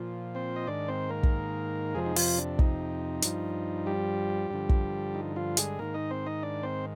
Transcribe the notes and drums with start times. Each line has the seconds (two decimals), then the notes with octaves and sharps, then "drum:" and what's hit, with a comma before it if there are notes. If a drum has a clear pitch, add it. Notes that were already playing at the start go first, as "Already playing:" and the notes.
Already playing: A#2 F3
0.35 C4 C5
0.56 D#5
0.67 G#2 D#3 D4 D5
0.88 C4 C5
1.09 A#3 A#4
1.23 drum: kick
1.95 F2 C3 F3 G#3 G#4
2.06 D#4
2.16 F3 F4, drum: open hi-hat
2.38 D4
2.59 D#4, drum: kick
3.22 G2 F3, drum: hi-hat
3.86 G3 G4
4.50 G2 D3 F3
4.69 drum: kick
5.15 D#4
5.36 F3 F4
5.57 G#3 G#4, drum: hi-hat
5.79 G#2 D#3 A#3 A#4
5.94 D#4 D#5
6.11 C4 C5
6.26 D#4 D#5
6.43 D4 D5
6.63 C4 C5